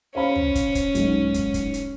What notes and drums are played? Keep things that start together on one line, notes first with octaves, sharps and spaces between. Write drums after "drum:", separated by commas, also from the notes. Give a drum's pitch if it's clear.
C#4 C5 F5 B5
drum: tom
drum: kick, hi-hat
drum: kick, hi-hat
B1 G#2, drum: hi-hat
drum: kick, hi-hat
drum: kick, hi-hat
drum: hi-hat